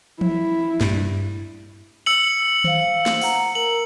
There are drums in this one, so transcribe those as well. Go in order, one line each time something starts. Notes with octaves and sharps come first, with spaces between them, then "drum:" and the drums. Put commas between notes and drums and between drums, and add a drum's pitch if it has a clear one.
E4, drum: tom E3
G2, drum: snare
E6 C#7 F#7
C5 F5, drum: tom D#3
drum: snare
F#5 A#5, drum: open hi-hat
A#4 F#7